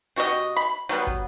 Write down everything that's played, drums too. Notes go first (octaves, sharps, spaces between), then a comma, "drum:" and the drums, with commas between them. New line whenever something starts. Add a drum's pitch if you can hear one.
B2 F#4 G4 D#5
B5
F#3 G3 B3
drum: kick